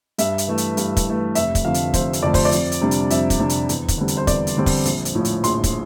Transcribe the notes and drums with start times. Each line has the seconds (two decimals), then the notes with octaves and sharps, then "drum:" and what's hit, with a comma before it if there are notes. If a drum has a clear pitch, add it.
0.18 G2 E5, drum: hi-hat
0.38 drum: hi-hat
0.48 E3 A3
0.58 drum: hi-hat
0.77 G2, drum: hi-hat
0.97 drum: kick, hi-hat
1.07 E3 A3
1.35 F1 E5, drum: hi-hat
1.55 drum: kick, hi-hat
1.65 F2 D3 F3 A3 F5
1.74 drum: hi-hat
1.94 F1 C5, drum: kick, hi-hat
2.13 drum: hi-hat
2.23 F2 D3 F3 A3 D5
2.34 C5, drum: kick, open hi-hat
2.45 D5
2.52 F2, drum: hi-hat
2.72 drum: hi-hat
2.81 C3 G3 D4
2.91 drum: hi-hat
3.10 F2 E5, drum: hi-hat
3.30 drum: kick, hi-hat
3.39 C3 G3 D4
3.49 drum: hi-hat
3.69 E2, drum: hi-hat
3.88 drum: kick, hi-hat
3.98 D3 G3 C4
4.08 drum: hi-hat
4.17 C5
4.27 E2 D5, drum: kick, hi-hat
4.47 drum: hi-hat
4.56 D3 G3 C4
4.66 drum: kick, open hi-hat
4.85 A#1, drum: hi-hat
5.05 drum: hi-hat
5.15 A2 F3
5.25 drum: hi-hat
5.44 A#1 C6, drum: hi-hat
5.64 drum: kick, hi-hat